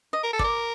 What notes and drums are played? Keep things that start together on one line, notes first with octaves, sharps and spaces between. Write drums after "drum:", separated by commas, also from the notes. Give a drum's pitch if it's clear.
D#5
A#4
A4
D5, drum: kick
A#4